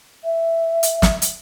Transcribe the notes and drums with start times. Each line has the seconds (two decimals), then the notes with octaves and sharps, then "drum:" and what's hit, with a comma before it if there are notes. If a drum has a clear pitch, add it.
0.24 E5
0.83 drum: hi-hat
1.02 drum: snare
1.22 drum: hi-hat